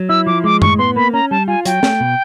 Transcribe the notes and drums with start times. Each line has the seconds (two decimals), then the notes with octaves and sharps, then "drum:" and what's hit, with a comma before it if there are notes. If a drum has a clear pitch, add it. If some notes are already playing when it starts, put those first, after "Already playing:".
Already playing: F#3
0.09 E4 E6
0.27 F3 D6
0.44 G#3 D6
0.62 A2 C#6, drum: tom F#2
0.79 B3 C6
0.96 A#3 B5
1.13 C#4 A#5
1.31 G3 A5
1.48 F4 G#5
1.65 F#3 G5, drum: hi-hat
1.83 A3, drum: snare
2.00 B2